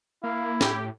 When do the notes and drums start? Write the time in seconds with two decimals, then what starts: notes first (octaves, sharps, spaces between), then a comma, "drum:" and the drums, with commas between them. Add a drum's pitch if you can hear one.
0.24 A#3 E4 F5
0.61 A2 G4, drum: snare